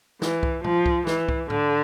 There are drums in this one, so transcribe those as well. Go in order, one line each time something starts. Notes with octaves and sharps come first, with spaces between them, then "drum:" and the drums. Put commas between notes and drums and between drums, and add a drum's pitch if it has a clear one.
E3, drum: snare
drum: kick C2
F3, drum: tom A#2
drum: kick C2
E3, drum: snare
drum: kick C2
D3, drum: tom G#2